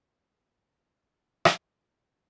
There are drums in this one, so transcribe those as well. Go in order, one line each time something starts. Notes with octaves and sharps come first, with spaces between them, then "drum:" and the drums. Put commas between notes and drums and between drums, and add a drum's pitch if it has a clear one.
D4 A#4 F5 G#5
drum: rim click